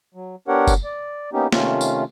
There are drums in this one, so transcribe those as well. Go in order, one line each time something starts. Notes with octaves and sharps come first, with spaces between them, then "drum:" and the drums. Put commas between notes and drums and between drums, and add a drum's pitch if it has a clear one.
F#3
B3 D4 G4 A#4 C#5 F#5
drum: kick F#1, tambourine
D5
A#3 B3 C#4 D#4 G4
C3 D#3 A3 C#4 F4, drum: snare
drum: tambourine